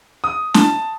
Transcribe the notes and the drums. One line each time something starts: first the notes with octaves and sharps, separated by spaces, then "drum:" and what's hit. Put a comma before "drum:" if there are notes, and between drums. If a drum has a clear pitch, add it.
D#6
A5, drum: snare